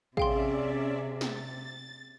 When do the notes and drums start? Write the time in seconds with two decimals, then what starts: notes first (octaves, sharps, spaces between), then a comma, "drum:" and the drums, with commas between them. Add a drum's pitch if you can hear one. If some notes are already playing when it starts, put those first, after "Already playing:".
0.17 C3 C#4 G#4 D5 E5 F5 G5 C6, drum: kick
1.21 A6, drum: snare